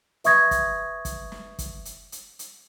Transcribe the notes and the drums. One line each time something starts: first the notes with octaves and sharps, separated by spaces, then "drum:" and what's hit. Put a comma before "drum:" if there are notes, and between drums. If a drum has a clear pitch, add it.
B4 E5 C#6 D#6 G#6 A#6, drum: hi-hat
drum: kick, hi-hat
drum: kick, hi-hat
drum: snare
drum: kick, hi-hat
drum: hi-hat
drum: hi-hat
drum: hi-hat